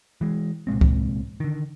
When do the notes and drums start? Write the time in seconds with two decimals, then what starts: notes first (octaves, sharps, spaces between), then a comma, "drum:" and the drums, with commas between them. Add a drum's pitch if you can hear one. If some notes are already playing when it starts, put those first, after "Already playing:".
0.21 E3 G#3
0.67 C2 A#2 G#3 C4
0.81 drum: kick C#2
1.40 D3 D#3